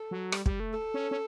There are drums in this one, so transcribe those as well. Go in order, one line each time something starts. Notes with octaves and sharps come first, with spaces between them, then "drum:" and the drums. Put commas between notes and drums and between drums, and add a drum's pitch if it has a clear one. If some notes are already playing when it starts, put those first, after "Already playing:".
Already playing: A4
F#3
G3, drum: rim click
G3, drum: kick
A3
A4
C#4
C#4